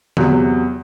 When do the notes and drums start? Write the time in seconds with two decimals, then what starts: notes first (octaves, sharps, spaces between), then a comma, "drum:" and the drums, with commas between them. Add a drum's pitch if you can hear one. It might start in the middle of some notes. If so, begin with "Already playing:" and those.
0.17 E2 C3 F#3, drum: tom D3